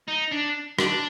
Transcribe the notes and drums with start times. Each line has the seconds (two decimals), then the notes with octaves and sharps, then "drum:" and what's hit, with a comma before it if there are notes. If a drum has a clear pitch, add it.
0.08 D#4
0.32 D4
0.79 D4, drum: rim click